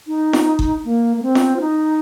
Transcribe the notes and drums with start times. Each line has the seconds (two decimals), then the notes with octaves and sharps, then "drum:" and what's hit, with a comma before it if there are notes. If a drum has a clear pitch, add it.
0.07 D#4
0.33 drum: snare
0.59 drum: kick G1
0.85 A#3
1.17 A#3
1.23 C4
1.35 drum: snare
1.56 F4
1.61 D#4